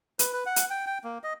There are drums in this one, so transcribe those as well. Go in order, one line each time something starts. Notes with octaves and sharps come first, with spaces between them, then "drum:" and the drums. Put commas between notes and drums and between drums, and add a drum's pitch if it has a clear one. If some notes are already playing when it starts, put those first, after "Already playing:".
B4, drum: hi-hat
B4
F#5
drum: hi-hat
G5
G5
A#3
D#5